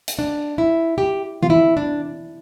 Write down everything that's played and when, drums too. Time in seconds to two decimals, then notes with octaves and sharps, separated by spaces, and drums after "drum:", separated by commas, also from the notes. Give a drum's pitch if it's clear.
0.08 drum: hi-hat
0.19 D4
0.58 E4
0.98 G4
1.43 F4, drum: tom E3
1.50 E4
1.77 D4